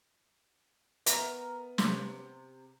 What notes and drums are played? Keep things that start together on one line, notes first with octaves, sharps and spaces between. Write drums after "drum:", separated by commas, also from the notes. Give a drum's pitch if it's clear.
B3 A#4 E5, drum: hi-hat
C3 C6, drum: snare